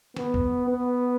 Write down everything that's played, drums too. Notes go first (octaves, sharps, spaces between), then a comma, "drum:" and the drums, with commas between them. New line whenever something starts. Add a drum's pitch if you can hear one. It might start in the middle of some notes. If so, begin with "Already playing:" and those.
B3, drum: snare
drum: kick
B3